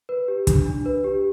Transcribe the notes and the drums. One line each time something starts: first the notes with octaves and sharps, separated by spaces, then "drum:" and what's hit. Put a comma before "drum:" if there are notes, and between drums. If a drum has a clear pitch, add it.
B4
G4
D4, drum: kick, hi-hat
D4
B4
G4